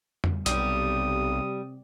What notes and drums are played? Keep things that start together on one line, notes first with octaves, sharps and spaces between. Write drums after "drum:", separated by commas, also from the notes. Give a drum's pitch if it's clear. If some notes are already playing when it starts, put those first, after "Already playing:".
drum: tom F2
B1 C3 G3 D#6, drum: hi-hat